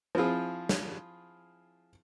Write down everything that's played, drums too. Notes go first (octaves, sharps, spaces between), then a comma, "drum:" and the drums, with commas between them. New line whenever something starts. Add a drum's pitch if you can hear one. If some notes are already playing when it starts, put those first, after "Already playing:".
F3 C4 E4 F4 G#4
drum: snare